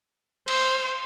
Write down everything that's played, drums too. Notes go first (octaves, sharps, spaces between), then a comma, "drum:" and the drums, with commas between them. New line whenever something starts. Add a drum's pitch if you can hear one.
C5, drum: cymbal